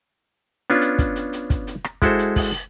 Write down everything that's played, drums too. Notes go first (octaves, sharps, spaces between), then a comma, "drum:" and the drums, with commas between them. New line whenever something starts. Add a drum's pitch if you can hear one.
B3 C#4 D4 F4
drum: hi-hat
drum: kick, hi-hat
drum: hi-hat
drum: hi-hat
drum: kick, hi-hat
drum: hi-hat
drum: rim click
G#3 E4 F#4 A4 C5, drum: kick, hi-hat
drum: hi-hat
drum: kick, open hi-hat
drum: hi-hat